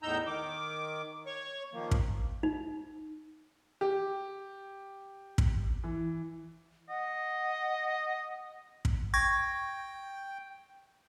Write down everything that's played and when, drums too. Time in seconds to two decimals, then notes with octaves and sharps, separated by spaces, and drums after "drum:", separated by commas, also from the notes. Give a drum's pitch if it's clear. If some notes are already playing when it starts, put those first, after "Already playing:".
0.03 E2 A2 D#4 A#5 E6 G6
0.27 D#3 D6
1.26 C#5 C#6
1.73 D#3 F3 A#3
1.91 drum: kick
2.43 D#4
3.81 G4
5.38 drum: kick
5.84 E3
6.89 D#5 F#5
8.85 drum: kick
9.14 G5 C#6 G#6 A#6